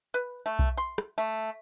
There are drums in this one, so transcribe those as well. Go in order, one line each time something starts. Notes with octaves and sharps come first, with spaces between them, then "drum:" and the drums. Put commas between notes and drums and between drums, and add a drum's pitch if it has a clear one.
B4
A3
drum: kick B1
C6
drum: rim click
A3